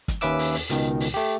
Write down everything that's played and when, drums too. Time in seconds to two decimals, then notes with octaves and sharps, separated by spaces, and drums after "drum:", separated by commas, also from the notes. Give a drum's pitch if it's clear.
0.08 drum: kick, hi-hat
0.21 D#2 C#4 B4 E5 D6 E6, drum: hi-hat
0.39 drum: open hi-hat
0.54 drum: open hi-hat
0.70 C#2 B2 D#3, drum: hi-hat
1.00 drum: open hi-hat
1.14 A3 G4